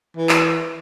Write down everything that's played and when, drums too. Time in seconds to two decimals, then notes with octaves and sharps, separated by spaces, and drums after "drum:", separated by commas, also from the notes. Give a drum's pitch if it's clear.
0.17 E3
0.29 drum: clap